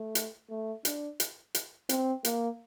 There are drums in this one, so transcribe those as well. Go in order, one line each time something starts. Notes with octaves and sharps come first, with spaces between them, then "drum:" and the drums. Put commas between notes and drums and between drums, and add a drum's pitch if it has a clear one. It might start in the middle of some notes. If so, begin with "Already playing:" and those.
Already playing: A3
drum: hi-hat
A3
D4, drum: hi-hat
drum: hi-hat
drum: hi-hat
C4, drum: hi-hat
A#3, drum: hi-hat